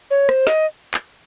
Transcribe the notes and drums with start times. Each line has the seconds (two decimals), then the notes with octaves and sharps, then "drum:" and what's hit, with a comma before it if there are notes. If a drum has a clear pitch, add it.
0.11 C#5
0.29 C5, drum: rim click
0.47 D#5, drum: snare
0.94 drum: clap